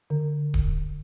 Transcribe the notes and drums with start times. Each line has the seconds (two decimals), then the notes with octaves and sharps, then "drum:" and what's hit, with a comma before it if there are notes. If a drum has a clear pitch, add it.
0.10 D3
0.54 drum: kick D1